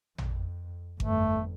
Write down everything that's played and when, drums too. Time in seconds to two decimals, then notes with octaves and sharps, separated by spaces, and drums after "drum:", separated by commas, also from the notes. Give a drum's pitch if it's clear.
0.18 F2, drum: tom
1.00 G1 F2 A3, drum: kick G#1